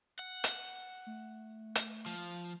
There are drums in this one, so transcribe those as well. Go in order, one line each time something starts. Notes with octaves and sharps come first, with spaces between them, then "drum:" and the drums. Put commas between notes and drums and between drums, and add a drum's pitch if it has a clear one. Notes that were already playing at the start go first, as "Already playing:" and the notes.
F#5
drum: hi-hat
A3
drum: hi-hat
F3